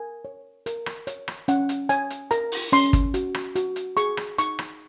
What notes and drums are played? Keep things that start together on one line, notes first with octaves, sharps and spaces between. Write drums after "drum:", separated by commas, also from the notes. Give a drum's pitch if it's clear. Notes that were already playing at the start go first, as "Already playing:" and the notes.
Already playing: A#4 G#5
C#5
A#4, drum: hi-hat
drum: rim click
C#5, drum: hi-hat
drum: rim click
C#4 F#5, drum: hi-hat
drum: hi-hat
C#5 G#5, drum: hi-hat
drum: hi-hat
A#4 A#5, drum: hi-hat
drum: open hi-hat
C#4 C6, drum: hi-hat
drum: kick, hi-hat
F#4, drum: hi-hat
drum: rim click
F#4, drum: hi-hat
drum: hi-hat
G#4 C#6, drum: hi-hat
drum: rim click
D#4 C#6, drum: hi-hat
drum: rim click